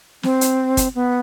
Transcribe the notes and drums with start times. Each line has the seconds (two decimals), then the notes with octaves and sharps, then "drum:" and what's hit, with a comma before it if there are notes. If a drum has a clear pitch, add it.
0.23 C4, drum: snare
0.41 drum: hi-hat
0.77 drum: kick, hi-hat
0.95 B3